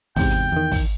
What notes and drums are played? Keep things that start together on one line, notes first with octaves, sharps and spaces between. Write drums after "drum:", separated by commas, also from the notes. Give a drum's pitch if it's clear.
E2 G#2 C3 G5, drum: kick, open hi-hat
drum: hi-hat
E2 D#3
drum: kick, open hi-hat